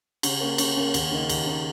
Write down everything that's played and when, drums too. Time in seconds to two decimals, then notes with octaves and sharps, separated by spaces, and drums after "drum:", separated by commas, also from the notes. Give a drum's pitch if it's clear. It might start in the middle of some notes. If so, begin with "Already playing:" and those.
0.23 C#3, drum: cymbal
0.41 A#3 C#4
0.58 C#3, drum: cymbal
0.76 A#3 C#4
0.94 D#2, drum: cymbal
1.12 C#3 A#3 D#4
1.29 D#2, drum: cymbal
1.46 C#3 A#3 D#4